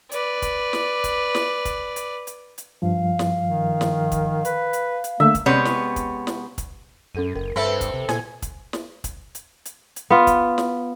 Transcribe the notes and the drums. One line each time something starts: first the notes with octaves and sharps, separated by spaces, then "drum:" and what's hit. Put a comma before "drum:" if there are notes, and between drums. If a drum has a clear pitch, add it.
B4 D5, drum: hi-hat
drum: kick, hi-hat
drum: snare
drum: kick, hi-hat
drum: snare
drum: kick, hi-hat
drum: hi-hat
drum: hi-hat
drum: hi-hat
G2 F3 F5
drum: snare
D#3
drum: snare
drum: kick, hi-hat
B4, drum: hi-hat
drum: hi-hat
drum: hi-hat
D3 A3 A#3 E5
drum: kick, hi-hat
C3 G#3 B3 C#4 C#5
drum: snare
drum: kick, hi-hat
drum: snare
drum: kick, hi-hat
F#2 C#4 A4 D#7
F#1 A#4
G2 C4 A4 B4 E5 A5 B5
drum: kick, hi-hat
C3
A#2 G#5, drum: snare
drum: kick, hi-hat
drum: snare
drum: kick, hi-hat
drum: hi-hat
drum: hi-hat
drum: hi-hat
B3 F4
drum: kick, hi-hat
drum: snare